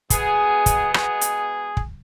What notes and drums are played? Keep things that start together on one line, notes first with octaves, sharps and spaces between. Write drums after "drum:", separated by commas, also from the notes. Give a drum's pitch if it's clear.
B2 G#3 B3 G#4, drum: kick, hi-hat
drum: kick, hi-hat
G#4, drum: rim click
drum: hi-hat
drum: kick